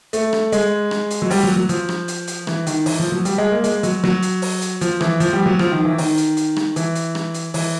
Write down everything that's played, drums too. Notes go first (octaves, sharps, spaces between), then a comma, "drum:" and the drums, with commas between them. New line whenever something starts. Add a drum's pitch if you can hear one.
A3, drum: hi-hat
drum: rim click
G#3, drum: hi-hat
drum: rim click
drum: hi-hat
F#3
G3, drum: open hi-hat
F#3
F#3
F3, drum: hi-hat
drum: rim click
drum: hi-hat
drum: hi-hat
E3, drum: rim click
D#3, drum: hi-hat
E3, drum: open hi-hat
F3
F#3
G3, drum: hi-hat
G#3
A#3
G#3, drum: hi-hat
F#3, drum: hi-hat
F#3, drum: rim click
drum: hi-hat
drum: open hi-hat
drum: hi-hat
F3, drum: hi-hat
E3, drum: rim click
F3, drum: hi-hat
G3
F#3
F3, drum: rim click
D#3
E3
D#3, drum: open hi-hat
drum: hi-hat
drum: hi-hat
drum: rim click
E3, drum: hi-hat
drum: hi-hat
drum: rim click
drum: hi-hat
E3, drum: open hi-hat